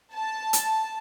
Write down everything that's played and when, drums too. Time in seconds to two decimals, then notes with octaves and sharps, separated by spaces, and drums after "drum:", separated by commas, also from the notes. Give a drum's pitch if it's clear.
0.14 A5
0.53 drum: hi-hat